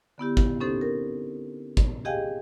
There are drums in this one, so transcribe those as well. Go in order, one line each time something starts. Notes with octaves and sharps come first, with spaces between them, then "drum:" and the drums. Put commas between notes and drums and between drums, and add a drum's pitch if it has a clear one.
D3 B3 E4 G4
drum: kick
C4 C#4 D#4 G4 A4 C5
A#4
drum: kick
G4 G#4 D#5 F5 G5 G#5